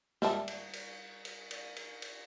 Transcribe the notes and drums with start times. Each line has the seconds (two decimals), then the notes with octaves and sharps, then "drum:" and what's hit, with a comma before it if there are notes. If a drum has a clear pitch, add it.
0.22 G3 E5 A5, drum: snare
0.48 drum: cymbal
0.73 drum: cymbal
1.25 drum: cymbal
1.51 drum: cymbal
1.76 drum: cymbal
2.02 drum: cymbal